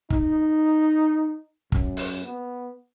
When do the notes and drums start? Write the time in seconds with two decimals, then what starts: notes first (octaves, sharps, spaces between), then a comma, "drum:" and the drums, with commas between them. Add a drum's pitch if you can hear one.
0.10 D#4, drum: kick
1.72 F#2, drum: kick
1.97 drum: open hi-hat
2.24 B3